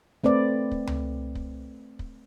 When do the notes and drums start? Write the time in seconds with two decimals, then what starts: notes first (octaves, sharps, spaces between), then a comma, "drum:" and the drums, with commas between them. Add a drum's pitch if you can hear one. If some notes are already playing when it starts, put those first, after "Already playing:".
0.24 A3 C4 B4 D5
0.71 drum: kick
0.87 drum: tom C#2
1.35 drum: kick
1.99 drum: kick